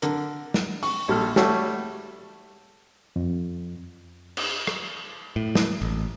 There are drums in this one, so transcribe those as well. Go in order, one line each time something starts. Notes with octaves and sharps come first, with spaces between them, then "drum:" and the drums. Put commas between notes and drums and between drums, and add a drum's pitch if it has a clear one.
D3 A#4, drum: hi-hat
drum: snare
C#6, drum: open hi-hat
A#1 G3 A4 F6
G3 A3 F#4 A4 C#5, drum: snare
F2
drum: cymbal
drum: rim click
A2
drum: snare
A1